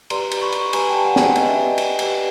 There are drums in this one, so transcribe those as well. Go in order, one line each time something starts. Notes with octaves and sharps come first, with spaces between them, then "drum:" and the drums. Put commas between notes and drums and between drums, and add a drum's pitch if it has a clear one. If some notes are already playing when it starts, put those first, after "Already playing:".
G4 B4 D5 A#5 C6, drum: cymbal
drum: cymbal
B5 C#6
drum: cymbal
G4 B4 D5 G#5 A#5, drum: cymbal
G5 A5
F#5 G#5
G5, drum: snare
F#5 G#5
G4 B4 D5 D#5, drum: cymbal
E5
D#5
drum: cymbal
G4 B4 D5, drum: cymbal